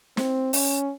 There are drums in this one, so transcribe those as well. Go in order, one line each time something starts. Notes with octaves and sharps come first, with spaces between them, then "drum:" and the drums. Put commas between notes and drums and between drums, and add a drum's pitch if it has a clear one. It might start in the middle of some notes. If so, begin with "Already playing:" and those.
C4, drum: snare
C#4, drum: open hi-hat